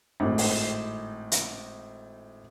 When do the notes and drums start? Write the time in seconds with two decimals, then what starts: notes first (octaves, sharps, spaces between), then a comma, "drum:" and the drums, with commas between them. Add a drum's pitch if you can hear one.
0.20 G#1 A2
0.38 drum: open hi-hat
1.32 drum: hi-hat